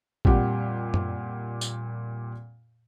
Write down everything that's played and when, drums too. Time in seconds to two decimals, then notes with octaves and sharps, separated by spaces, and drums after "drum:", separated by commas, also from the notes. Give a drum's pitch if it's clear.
0.25 F2 A#2 G3 G4 F#5, drum: kick A1
0.94 drum: tom F#2
1.61 drum: tambourine